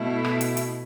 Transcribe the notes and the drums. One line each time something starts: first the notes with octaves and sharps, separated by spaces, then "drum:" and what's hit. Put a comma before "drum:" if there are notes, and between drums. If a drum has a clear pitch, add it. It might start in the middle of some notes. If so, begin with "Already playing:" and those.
Already playing: B2 A3 E4
drum: rim click
drum: hi-hat
drum: hi-hat